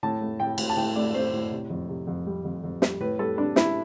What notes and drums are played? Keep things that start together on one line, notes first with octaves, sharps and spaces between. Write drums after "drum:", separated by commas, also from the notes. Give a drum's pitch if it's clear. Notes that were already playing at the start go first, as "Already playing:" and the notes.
A2 A5
A3
A2 G5
A2, drum: cymbal
A5
A2 G5
A3 D5
A3 C5
A2
C3
F2
C3
F2
G3
F2
F2
G3, drum: snare
A2 B4
G3 A4
G3 D4
G3 E4, drum: snare